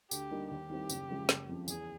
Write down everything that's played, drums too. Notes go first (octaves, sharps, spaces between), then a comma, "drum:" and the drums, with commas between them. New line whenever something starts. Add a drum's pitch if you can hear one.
D2 G4, drum: tambourine
D3 G3 A#3 D#4
D#2 G4
D#3 G3 C4 E4
F#1, drum: tambourine
F#2 C#3 F3 G#3
F#1, drum: snare
F2 C#3 F3
E2 G#4, drum: tambourine